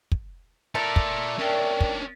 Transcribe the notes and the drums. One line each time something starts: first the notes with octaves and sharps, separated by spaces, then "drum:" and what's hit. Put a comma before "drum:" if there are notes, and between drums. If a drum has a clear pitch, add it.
drum: kick
A3 A#4 D5
drum: kick
C#4 D4 A#4 D5 G5
drum: kick